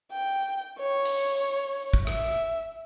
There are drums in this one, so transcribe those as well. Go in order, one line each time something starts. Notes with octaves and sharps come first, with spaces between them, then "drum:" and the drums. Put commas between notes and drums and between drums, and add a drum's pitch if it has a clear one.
G5
C#5
drum: open hi-hat
drum: kick
E5, drum: rim click